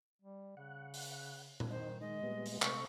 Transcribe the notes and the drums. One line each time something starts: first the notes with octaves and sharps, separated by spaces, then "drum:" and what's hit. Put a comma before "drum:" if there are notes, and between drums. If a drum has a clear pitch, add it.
G3
C#3 F#5
drum: open hi-hat
drum: tom A#2
D#3 D#4 C5
D#3 G#3 D#5
A#2 G3 B3
drum: open hi-hat
C3 A3 C5 C#6, drum: clap